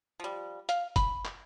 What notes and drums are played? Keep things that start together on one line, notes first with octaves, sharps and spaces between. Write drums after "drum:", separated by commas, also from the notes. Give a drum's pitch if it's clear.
F3 G3
F5, drum: hi-hat
B5, drum: kick F1, hi-hat
drum: clap